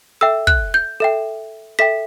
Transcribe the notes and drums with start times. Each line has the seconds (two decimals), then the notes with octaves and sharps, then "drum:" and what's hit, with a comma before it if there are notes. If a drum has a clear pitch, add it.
0.21 A4 E5 G5 E6
0.47 F#6, drum: kick
0.74 G6
1.00 A4 E5 G5
1.79 A4 E5 G5 B6